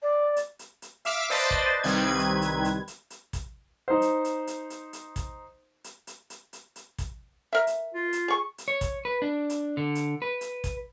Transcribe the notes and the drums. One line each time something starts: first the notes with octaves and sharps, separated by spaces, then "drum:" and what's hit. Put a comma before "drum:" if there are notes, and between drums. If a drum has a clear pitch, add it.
D5
drum: hi-hat
drum: hi-hat
drum: hi-hat
E5 F5 D6 E6 F6 B6, drum: hi-hat
B4 C5 D5 D#5 A5 A6, drum: hi-hat
drum: kick, hi-hat
C2 D#3 G3 C4 B4 G#6
drum: hi-hat
drum: hi-hat
drum: hi-hat
drum: hi-hat
drum: hi-hat
drum: kick, hi-hat
D#4 C5
drum: hi-hat
drum: hi-hat
drum: hi-hat
drum: hi-hat
drum: hi-hat
drum: kick, hi-hat
drum: hi-hat
drum: hi-hat
drum: hi-hat
drum: hi-hat
drum: hi-hat
drum: kick, hi-hat
A#4 E5
drum: hi-hat
F4
drum: hi-hat
G#4 C#6
drum: hi-hat
C#5
drum: kick, hi-hat
B4
D4
drum: hi-hat
D3
drum: hi-hat
B4
drum: hi-hat
drum: kick, hi-hat